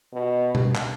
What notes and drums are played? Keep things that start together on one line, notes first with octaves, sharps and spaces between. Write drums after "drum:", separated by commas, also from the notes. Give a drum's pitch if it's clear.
B2
drum: tom B2
drum: clap